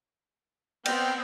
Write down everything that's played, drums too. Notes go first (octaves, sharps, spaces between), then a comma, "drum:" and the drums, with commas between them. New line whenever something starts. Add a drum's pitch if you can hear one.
B3 C4 G5 F6, drum: cymbal